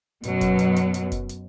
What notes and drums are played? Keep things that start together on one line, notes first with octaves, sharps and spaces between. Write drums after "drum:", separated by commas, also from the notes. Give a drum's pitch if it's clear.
F#2 B2 F#3, drum: hi-hat
drum: kick F1, hi-hat
drum: hi-hat
drum: hi-hat
drum: hi-hat
drum: kick F1, hi-hat
drum: hi-hat